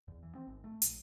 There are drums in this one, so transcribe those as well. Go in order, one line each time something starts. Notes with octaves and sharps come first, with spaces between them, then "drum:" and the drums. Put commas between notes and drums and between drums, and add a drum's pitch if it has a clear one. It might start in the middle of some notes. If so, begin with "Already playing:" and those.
E2
E3
C4
G#1
A3
A#1, drum: hi-hat